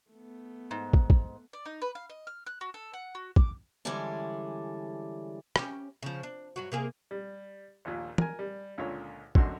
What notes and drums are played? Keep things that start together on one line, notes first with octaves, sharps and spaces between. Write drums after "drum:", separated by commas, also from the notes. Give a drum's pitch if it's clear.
A3 B3
G#2
drum: kick
drum: kick
D5
D#4
B4
F5
D#5
F6
F#6
F#4
A4
F#5
F#4
D6, drum: kick
D3 E3 G3 G#3 C#4 D4
C#4 G4, drum: rim click
C#3 F3
D4
G2 F#3 F#4
C3 A#3 G#4
G3
A#1 D#2 A#2
A#4 G#5, drum: tom
G3
C#2 A#2 D3 C#5
G#1 F#2 D3 F#4 C6, drum: kick